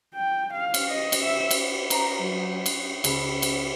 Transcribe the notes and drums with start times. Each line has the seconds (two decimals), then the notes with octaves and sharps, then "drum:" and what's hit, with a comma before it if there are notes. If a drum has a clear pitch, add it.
0.15 G5
0.53 F5
0.74 drum: cymbal
0.89 D#5
1.12 drum: cymbal
1.22 E5
1.51 drum: cymbal
1.90 A#5, drum: cymbal
2.20 F#3
2.66 drum: cymbal
3.04 C#2 B5, drum: cymbal
3.42 drum: cymbal